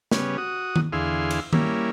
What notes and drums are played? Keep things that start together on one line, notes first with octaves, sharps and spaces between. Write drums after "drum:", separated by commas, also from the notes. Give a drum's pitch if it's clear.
C#3 G3 B3 C#4, drum: snare
F#4 D#6
drum: tom D#3
E2 D3 E4 G#4 F5 C6
drum: cymbal
G3 A#3 C#4 E4, drum: tom D#3